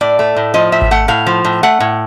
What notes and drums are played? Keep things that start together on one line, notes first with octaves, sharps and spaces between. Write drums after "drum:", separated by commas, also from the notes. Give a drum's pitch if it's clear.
A2 D5
A3
A2
F3 D#5
A2 E5
drum: kick G#1
A3 F#5
A2 F5
F3
A2
A3 F#5
A2